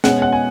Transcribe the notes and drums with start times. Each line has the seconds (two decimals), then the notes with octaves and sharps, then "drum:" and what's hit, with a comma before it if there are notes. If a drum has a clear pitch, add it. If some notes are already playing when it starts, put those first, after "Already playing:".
0.04 B2 G#3 C#4 F#5, drum: snare
0.22 F#5
0.32 G#5